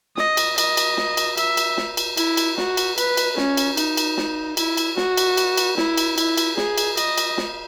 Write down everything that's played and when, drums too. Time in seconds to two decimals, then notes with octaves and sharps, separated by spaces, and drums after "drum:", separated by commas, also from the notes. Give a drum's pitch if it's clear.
0.17 D#5, drum: snare
0.37 drum: cymbal
0.58 D#5, drum: cymbal
0.77 drum: cymbal
0.97 drum: snare
1.17 drum: cymbal
1.38 E5, drum: cymbal
1.57 drum: cymbal
1.77 drum: snare
1.97 drum: cymbal
2.17 E4, drum: cymbal
2.37 drum: cymbal
2.58 F#4, drum: snare
2.77 drum: cymbal
2.98 B4, drum: cymbal
3.17 drum: cymbal
3.37 C#4, drum: snare
3.57 drum: cymbal
3.77 D#4, drum: cymbal
3.97 drum: cymbal
4.17 drum: snare
4.57 E4, drum: cymbal
4.77 drum: cymbal
4.97 F#4, drum: snare
5.17 drum: cymbal
5.37 drum: cymbal
5.57 drum: cymbal
5.77 E4, drum: snare
5.98 drum: cymbal
6.18 E4, drum: cymbal
6.38 drum: cymbal
6.57 G#4, drum: snare
6.78 drum: cymbal
6.97 D#5, drum: cymbal
7.18 drum: cymbal
7.38 drum: snare